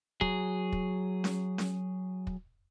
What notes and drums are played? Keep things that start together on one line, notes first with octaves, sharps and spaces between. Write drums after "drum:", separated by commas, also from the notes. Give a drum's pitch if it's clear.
F#3 G#4, drum: kick
drum: kick
drum: snare C#4
drum: snare C#4
drum: kick